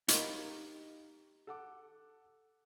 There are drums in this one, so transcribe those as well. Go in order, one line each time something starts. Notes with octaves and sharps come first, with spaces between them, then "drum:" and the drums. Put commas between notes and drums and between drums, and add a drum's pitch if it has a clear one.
D#4 G4 A#4 D#5 F5 B5, drum: hi-hat
A4 F#5 D6